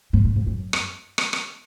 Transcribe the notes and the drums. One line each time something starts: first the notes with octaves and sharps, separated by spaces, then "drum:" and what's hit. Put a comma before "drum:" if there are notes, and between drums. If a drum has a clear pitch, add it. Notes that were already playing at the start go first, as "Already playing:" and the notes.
G#2
F#2
G#2
F#2
drum: rim click
drum: rim click
drum: rim click